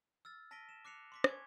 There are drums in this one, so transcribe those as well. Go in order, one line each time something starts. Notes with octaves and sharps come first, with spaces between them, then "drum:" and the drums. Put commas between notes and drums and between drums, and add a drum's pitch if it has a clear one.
E6 F6 A6
A5 A#6 B6 D7 D#7 G7
E7
D6 F#6 C7 C#7 F7
C6 D6 B6
G#5 C#6 D6 G#6, drum: rim click